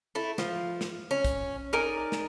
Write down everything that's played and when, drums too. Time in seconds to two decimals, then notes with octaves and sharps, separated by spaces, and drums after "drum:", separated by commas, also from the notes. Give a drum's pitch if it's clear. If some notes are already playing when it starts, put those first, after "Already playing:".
0.15 A3 E4
0.38 F3, drum: snare
0.81 drum: snare
1.11 C#4
1.25 drum: kick, hi-hat
1.73 D#4 A#4 D5 G#5
2.12 drum: snare